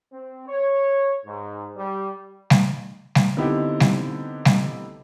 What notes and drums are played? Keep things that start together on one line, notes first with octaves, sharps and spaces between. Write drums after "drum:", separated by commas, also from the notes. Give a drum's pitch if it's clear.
C4
C#5
G#2
G3
drum: snare G3
drum: snare G3
D3 B3 C4 D#4 E4 G4
drum: snare G3
drum: snare G3